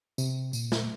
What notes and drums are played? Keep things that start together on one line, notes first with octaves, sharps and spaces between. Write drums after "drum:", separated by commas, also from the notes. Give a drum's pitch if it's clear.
C3, drum: tambourine
A#2, drum: tambourine
drum: snare